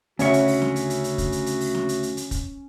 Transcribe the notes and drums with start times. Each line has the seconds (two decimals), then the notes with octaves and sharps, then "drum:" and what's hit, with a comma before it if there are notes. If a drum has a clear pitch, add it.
0.19 D2 C#3 C#4 F#4 C#5 E5 C#7, drum: hi-hat
0.33 drum: hi-hat
0.47 drum: open hi-hat
0.62 drum: snare
0.76 drum: hi-hat
0.90 drum: hi-hat
1.04 drum: hi-hat
1.18 drum: kick, hi-hat
1.32 drum: hi-hat
1.46 drum: hi-hat
1.60 drum: open hi-hat
1.75 drum: snare
1.89 drum: hi-hat
2.03 drum: hi-hat
2.17 drum: hi-hat
2.31 drum: kick, hi-hat